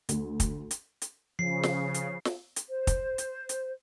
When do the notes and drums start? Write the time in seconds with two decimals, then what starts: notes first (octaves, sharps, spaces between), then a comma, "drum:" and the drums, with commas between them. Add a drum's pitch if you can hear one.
0.09 D2, drum: hi-hat
0.40 drum: kick, hi-hat
0.71 drum: hi-hat
1.02 drum: hi-hat
1.39 C#3 F3 C7
1.63 drum: snare
1.94 drum: hi-hat
2.25 drum: snare
2.56 drum: hi-hat
2.69 C5
2.87 drum: kick, hi-hat
3.18 drum: hi-hat
3.49 drum: hi-hat